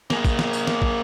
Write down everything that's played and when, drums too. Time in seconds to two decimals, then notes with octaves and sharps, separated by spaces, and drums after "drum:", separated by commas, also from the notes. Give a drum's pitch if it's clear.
0.10 A#3 G#4, drum: snare
0.25 drum: kick, tambourine
0.39 drum: snare
0.53 drum: tambourine
0.67 drum: snare
0.82 drum: kick